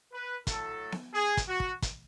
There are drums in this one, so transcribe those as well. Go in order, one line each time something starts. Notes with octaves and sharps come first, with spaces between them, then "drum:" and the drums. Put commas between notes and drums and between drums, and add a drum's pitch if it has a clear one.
B4
A2 F#3 A3 A4, drum: kick, hi-hat
drum: snare B3
G#4
drum: kick, hi-hat
F#4
drum: kick
drum: kick, hi-hat